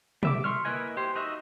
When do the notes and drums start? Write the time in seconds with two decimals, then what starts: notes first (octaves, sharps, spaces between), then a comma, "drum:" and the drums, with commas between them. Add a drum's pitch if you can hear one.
0.23 G3 E5 D6, drum: tom
0.44 C6 C#6 F6
0.65 A#3 E4 B4 D#5 G#5
0.97 G4 C5
1.15 D#4 F#4 D#5 E5